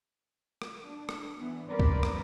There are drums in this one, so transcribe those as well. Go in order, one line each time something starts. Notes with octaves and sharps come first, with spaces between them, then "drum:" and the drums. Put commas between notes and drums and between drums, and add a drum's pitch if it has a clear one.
drum: rim click
D4
drum: rim click
E3 B3
G2 C4 A#4 B4 D5
drum: kick
drum: rim click